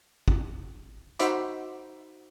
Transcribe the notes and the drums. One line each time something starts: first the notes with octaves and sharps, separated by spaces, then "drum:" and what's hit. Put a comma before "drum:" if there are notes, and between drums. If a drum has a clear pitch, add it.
drum: kick
D#4 F#4 C5 E5 B5 D6, drum: hi-hat